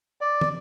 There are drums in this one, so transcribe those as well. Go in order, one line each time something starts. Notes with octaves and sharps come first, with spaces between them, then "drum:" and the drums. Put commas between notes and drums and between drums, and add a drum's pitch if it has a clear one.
D5
drum: tom